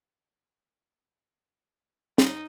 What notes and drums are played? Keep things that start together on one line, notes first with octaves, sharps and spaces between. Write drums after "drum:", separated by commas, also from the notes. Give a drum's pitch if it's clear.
D#4, drum: snare